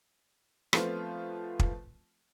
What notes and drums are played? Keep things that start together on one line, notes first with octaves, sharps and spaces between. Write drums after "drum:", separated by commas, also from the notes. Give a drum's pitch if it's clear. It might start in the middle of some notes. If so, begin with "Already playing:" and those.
F3 A3 B3 C4 F4, drum: rim click
drum: kick